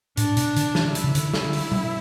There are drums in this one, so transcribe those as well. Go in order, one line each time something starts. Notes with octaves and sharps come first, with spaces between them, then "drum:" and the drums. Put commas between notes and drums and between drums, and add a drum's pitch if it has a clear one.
A2 D4, drum: hi-hat
B2, drum: hi-hat
D3, drum: hi-hat
E3, drum: snare
E4, drum: hi-hat
C#3
D3, drum: hi-hat
drum: snare
drum: open hi-hat
G3, drum: tom B2